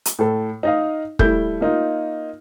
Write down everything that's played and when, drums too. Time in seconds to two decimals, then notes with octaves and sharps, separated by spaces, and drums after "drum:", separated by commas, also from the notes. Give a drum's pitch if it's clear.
0.05 drum: hi-hat
0.19 A2 A4
0.63 D#4 D#5 F5
1.19 G3 A3 E4 G6, drum: kick
1.61 A#3 D#4 F4